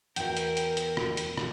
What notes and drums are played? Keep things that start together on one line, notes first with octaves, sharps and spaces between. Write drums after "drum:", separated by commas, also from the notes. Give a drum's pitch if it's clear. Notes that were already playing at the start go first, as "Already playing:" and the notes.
E2 B3 F#4 A#4 G5, drum: hi-hat
drum: hi-hat
drum: hi-hat
drum: hi-hat
drum: rim click
drum: hi-hat
drum: rim click